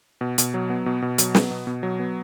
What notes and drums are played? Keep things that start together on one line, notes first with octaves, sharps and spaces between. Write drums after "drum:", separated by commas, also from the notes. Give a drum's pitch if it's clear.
B2
B2, drum: hi-hat
F#3
B3
B2
B2
F#3, drum: hi-hat
B3, drum: snare
B2
B2
F#3
B3